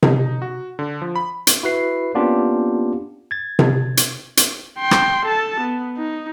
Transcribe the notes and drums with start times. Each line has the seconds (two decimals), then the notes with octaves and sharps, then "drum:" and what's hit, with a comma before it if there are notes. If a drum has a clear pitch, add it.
0.03 D#4, drum: tom C3
0.42 F#4
0.79 D3
1.02 F3
1.16 B5
1.47 drum: hi-hat
1.63 E4 F#4 B4 C7
2.15 A#3 B3 C#4 D4 F4 G4
3.31 G#6 A6
3.59 drum: tom C3
3.97 drum: hi-hat
4.37 drum: hi-hat
4.79 G5 C6
4.91 drum: rim click
5.25 A4 A5
5.60 B3
5.97 D#4